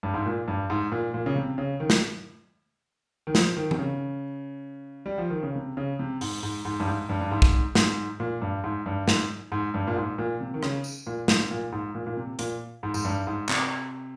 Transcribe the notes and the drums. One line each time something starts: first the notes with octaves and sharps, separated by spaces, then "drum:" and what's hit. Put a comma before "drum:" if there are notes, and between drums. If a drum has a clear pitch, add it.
G2
G#2
A#2
G2
G#2
A#2
A#2
C#3
C3
C#3
D#3
drum: snare
D#3
F3, drum: snare
D#3
C3, drum: tom E3
C#3
G3
F3
D#3
C#3
C3
C#3
C3
G#2, drum: open hi-hat
G#2
G#2
G2
G#2
G2
G2
G#2
drum: kick
G#2, drum: snare
A#2
G2
G#2
G2
G#2, drum: snare
G#2
G2
A#2
G#2
A#2
C3
D#3
C#3, drum: rim click
drum: tambourine
A#2
G#2, drum: snare
A#2
G#2
A#2
A#2
C3
A#2, drum: hi-hat
G#2
G#2, drum: tambourine
G2
G#2
C3, drum: clap